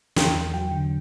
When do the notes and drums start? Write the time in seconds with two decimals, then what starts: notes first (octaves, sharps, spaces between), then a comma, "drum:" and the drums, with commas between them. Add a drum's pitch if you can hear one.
0.16 E2 G5, drum: snare
0.36 E2
0.53 F#3 G5
0.71 D3